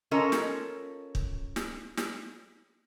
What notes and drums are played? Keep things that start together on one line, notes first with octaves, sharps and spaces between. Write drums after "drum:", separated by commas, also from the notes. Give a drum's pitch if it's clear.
C#4 F4 A4 A#4 D#5
drum: snare
drum: kick
drum: snare
drum: snare